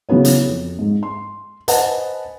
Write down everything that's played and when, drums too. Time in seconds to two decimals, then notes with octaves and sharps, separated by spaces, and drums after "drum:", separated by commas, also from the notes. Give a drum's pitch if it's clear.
0.09 C#3 E3 F#3 B3 C#4
0.25 drum: hi-hat
0.46 F2
0.79 G#2
1.03 C6
1.68 B4 C5 D#5 F#5 G#5 A5, drum: hi-hat